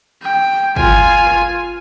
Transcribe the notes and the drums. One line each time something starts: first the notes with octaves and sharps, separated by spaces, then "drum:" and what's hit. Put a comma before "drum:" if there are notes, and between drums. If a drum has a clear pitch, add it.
G5
F4 G#5, drum: kick
drum: rim click